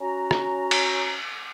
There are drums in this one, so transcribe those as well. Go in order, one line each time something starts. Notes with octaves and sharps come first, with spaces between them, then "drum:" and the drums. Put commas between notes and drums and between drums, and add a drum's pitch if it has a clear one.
C#4 F#4 A#5
drum: rim click
drum: cymbal